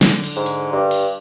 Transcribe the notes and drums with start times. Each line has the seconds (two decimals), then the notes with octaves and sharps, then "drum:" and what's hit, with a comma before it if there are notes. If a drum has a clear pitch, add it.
0.01 D3, drum: snare
0.24 drum: open hi-hat
0.36 G#2
0.46 drum: hi-hat
0.72 G2
0.91 drum: open hi-hat